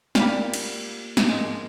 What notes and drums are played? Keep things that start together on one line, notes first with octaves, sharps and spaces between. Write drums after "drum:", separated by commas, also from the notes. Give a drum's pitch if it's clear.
A#3 F4 G4 D5 F5 B5, drum: snare
drum: cymbal
drum: snare
G#2 F3 G#3 A#3